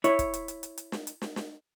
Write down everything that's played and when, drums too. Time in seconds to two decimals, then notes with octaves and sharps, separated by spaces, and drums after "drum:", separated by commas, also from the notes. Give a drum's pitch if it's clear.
0.04 E4 C#5, drum: hi-hat
0.19 drum: kick, hi-hat
0.33 drum: hi-hat
0.48 drum: hi-hat
0.63 drum: hi-hat
0.78 drum: hi-hat
0.92 drum: snare
1.07 drum: hi-hat
1.22 drum: snare
1.36 drum: snare